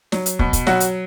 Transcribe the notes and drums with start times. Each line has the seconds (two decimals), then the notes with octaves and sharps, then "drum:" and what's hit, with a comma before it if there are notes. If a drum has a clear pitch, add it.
0.12 F#3, drum: snare
0.26 drum: hi-hat
0.39 B2, drum: kick
0.53 drum: kick, hi-hat
0.67 F#3 F#4, drum: snare
0.80 drum: hi-hat